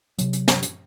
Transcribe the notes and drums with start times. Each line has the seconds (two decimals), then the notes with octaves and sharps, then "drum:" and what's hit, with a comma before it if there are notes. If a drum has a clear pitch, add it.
0.18 C3 F#3, drum: hi-hat
0.33 drum: hi-hat
0.48 drum: snare
0.62 drum: hi-hat